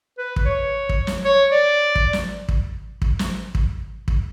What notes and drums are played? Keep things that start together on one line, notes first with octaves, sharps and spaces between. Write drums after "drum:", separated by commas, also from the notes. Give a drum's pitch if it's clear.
B4
drum: kick
C#5
drum: kick
drum: snare
C#5
D5
drum: kick
drum: snare
drum: kick
drum: kick
drum: snare
drum: kick
drum: kick